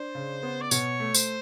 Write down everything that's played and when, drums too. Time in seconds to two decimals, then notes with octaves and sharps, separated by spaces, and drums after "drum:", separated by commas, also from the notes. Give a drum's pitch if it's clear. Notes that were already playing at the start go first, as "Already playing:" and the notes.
Already playing: D4 C5
0.15 C#3
0.43 B3
0.61 D5
0.71 B2 C#5, drum: tambourine
1.00 A3
1.15 C5, drum: tambourine